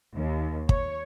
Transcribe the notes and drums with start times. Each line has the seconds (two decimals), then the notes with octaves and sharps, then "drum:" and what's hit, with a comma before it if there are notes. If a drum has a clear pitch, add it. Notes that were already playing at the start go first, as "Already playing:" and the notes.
0.16 D#2
0.69 C#5, drum: kick